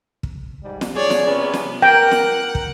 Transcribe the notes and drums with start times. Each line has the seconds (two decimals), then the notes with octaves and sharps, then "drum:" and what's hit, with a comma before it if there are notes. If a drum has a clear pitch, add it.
0.23 drum: kick
0.64 G#2 G3
0.81 drum: snare
0.96 B1 G#4 C#5 D5
1.10 drum: snare
1.26 C3 B3 C#4
1.54 drum: snare
1.82 A#4 F#5 G5
2.11 drum: snare
2.55 drum: kick